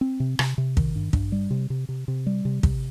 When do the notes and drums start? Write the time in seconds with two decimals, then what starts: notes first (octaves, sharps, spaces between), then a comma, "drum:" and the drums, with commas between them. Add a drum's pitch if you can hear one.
0.01 C4
0.20 C3
0.39 C3, drum: rim click
0.58 C3
0.77 D#3, drum: kick
0.96 G2
1.13 G2, drum: kick
1.32 G3
1.51 C3
1.70 C3
1.89 C3
2.08 C3
2.26 G3
2.45 C3
2.63 C3, drum: kick